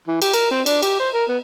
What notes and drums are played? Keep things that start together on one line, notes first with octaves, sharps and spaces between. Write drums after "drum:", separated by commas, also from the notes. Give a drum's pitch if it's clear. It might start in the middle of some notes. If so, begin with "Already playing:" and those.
E3
G4, drum: cymbal
A#4, drum: cymbal
C4
D4, drum: cymbal
G4, drum: cymbal
C5
A#4
B3